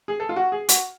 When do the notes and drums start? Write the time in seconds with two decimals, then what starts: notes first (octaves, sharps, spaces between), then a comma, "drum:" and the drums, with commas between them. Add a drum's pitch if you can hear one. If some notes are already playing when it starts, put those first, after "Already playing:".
0.08 G#4
0.20 A4
0.29 F4
0.36 F#4
0.52 G#4
0.69 F#4, drum: hi-hat